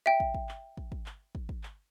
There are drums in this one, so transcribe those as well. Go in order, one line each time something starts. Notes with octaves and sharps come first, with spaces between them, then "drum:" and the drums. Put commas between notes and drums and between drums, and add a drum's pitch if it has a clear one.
E5 G5
drum: kick
drum: kick
drum: clap
drum: kick
drum: kick
drum: clap
drum: kick
drum: kick
drum: clap